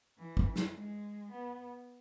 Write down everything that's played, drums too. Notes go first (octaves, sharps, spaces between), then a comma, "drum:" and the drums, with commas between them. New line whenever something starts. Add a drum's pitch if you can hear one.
E3
drum: kick
drum: snare
G#3
B3